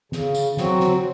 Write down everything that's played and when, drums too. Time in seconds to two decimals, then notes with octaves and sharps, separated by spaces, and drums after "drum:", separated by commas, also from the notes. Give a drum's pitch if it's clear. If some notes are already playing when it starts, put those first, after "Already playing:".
0.12 C#3, drum: snare
0.35 drum: tambourine
0.57 F#3 C4 F#4, drum: snare
0.80 drum: snare